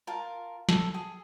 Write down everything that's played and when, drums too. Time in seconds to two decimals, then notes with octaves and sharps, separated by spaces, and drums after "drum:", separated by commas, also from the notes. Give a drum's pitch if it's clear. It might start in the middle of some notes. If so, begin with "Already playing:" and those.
0.07 F4 A#4 A5
0.69 A4, drum: snare
0.94 G#4